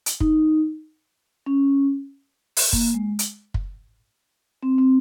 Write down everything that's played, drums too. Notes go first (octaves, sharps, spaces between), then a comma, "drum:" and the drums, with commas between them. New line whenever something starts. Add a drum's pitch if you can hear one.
drum: hi-hat
D#4, drum: kick
C#4
drum: open hi-hat
A#3, drum: kick
G#3
drum: hi-hat
drum: kick
C4
C4